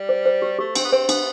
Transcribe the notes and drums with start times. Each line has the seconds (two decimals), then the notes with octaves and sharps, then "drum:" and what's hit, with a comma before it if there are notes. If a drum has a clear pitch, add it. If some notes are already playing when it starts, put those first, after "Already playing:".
Already playing: G3
0.09 C5
0.26 C5
0.42 G4
0.59 A3 G4
0.75 C4 D4, drum: cymbal
0.84 B3
0.92 C4 C5
1.09 B3 D4, drum: cymbal